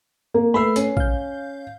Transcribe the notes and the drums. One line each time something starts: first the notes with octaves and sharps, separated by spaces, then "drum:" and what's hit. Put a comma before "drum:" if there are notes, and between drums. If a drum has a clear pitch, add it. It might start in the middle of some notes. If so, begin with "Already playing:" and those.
A#3
A3 B4 B5 E6 C7
C#4, drum: hi-hat
F5 G6, drum: kick